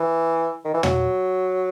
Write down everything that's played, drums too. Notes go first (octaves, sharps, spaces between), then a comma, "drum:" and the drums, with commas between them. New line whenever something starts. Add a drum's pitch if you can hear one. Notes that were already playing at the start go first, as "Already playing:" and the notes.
Already playing: E3
D#3
E3
F#3, drum: tom